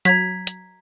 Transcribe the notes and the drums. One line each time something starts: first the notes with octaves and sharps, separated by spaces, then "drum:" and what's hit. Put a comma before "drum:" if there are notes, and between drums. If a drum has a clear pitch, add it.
F#3 A#5 G#6 B6, drum: hi-hat
drum: hi-hat